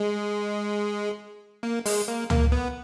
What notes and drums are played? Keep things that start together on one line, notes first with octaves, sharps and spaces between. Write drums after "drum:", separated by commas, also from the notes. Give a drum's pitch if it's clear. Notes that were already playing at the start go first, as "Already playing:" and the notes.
Already playing: G#3
A#3
G#3, drum: open hi-hat
A#3
A#3, drum: tom C#2
B3